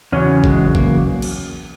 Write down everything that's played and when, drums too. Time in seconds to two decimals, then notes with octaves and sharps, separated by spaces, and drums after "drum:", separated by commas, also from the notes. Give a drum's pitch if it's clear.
0.12 E2 C#3 F#3 C#4
0.44 G#3, drum: kick
0.75 A#3, drum: kick
1.22 drum: cymbal